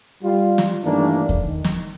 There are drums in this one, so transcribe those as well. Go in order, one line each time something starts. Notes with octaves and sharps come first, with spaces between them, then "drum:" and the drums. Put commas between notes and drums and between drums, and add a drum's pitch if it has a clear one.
G3 F4
drum: snare
G2 D#3 E3 A3 A#3 D4
drum: kick E2
D#3
drum: snare